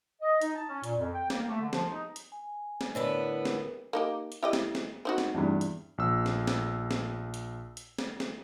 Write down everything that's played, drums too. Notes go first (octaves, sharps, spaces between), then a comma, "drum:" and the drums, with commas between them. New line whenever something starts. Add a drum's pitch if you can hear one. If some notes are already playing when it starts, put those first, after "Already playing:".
D#5
D#4, drum: hi-hat
A5
C#4
A#2, drum: hi-hat
F2
G5
A#3, drum: snare
A3
D3
F3, drum: snare
D#4
drum: hi-hat
G#5
drum: snare
A2 D3 B3 A#4 B4
drum: snare
A#3 D#4 G4
drum: hi-hat
E4 G4 D#5
drum: snare
drum: snare
C4 D#4 F#4
drum: snare
E2 G2
drum: hi-hat
A#1 E6
drum: snare
drum: snare
drum: snare
drum: hi-hat
drum: hi-hat
drum: snare
drum: snare